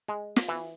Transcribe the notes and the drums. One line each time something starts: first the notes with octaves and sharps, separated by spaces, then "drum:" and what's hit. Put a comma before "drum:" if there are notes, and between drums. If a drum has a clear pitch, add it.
G#3
drum: snare
E3